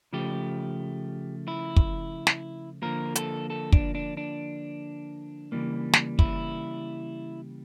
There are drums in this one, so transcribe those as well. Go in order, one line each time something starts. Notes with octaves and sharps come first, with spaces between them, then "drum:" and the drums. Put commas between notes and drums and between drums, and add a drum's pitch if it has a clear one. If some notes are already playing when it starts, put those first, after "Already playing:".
C#3 F3 A3 G4
E4
drum: kick
drum: snare
D3 F3 A#3 A#4
A4, drum: hi-hat
A4
D4, drum: kick
D4
D4
C#3 E3 G3 A#3
drum: snare
E4, drum: kick